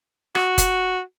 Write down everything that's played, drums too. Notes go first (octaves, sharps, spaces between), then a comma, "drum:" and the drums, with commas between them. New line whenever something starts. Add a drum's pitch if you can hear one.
F#4, drum: rim click
drum: kick, hi-hat